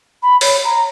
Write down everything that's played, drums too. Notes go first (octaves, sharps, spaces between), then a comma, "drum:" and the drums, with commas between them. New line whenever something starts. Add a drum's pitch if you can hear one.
B5
C#5, drum: open hi-hat
A#5